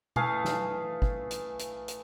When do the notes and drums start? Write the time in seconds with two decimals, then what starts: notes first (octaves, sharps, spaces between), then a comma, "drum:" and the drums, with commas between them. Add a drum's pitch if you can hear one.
0.16 E3 A3 G#4 F5, drum: tom B2
0.45 drum: snare
1.02 drum: kick
1.31 drum: hi-hat
1.59 drum: hi-hat
1.88 drum: hi-hat